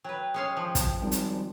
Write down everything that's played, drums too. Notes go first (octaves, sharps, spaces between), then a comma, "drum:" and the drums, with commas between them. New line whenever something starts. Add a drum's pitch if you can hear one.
F#3 B4 G5
G#3 C#4 F5
F3
drum: kick, hi-hat
G#1 G3
drum: hi-hat